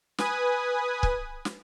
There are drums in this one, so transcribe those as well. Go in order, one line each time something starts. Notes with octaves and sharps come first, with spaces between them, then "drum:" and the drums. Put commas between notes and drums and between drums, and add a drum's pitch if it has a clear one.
B4 G#5 D#6, drum: snare
drum: kick
drum: snare